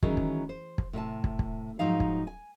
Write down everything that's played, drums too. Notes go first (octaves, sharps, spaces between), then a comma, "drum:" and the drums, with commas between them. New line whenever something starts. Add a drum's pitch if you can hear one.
D#3 E3 F#3 G#3 C#4 G#4, drum: kick
drum: kick
C5
drum: kick
A2 C3 D#5 A5
drum: kick
drum: kick
G#2 F3 F#3 D#4 F5
drum: kick
G#5